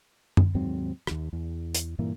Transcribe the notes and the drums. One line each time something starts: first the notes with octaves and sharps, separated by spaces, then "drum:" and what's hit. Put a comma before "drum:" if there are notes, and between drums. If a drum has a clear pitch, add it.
drum: tom F#2
D#2 G#2 F#3 C4
D#1 D#2, drum: rim click
E2
drum: hi-hat
G2 A#2 E3 A#3